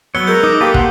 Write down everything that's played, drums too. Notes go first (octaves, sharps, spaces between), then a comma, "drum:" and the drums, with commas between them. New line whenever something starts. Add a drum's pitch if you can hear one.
F#3 B3 C#5 E6 F#6 G7
G#3 A#4 G6
D#4 D6 D#6
A#3 G4 A4 B4
A#3 F#5 C6, drum: kick